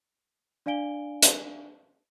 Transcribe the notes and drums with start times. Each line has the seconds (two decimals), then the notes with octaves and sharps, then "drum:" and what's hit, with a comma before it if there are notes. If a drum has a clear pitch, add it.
0.66 D4 D5 F5 G#5 D7 G7
1.23 drum: hi-hat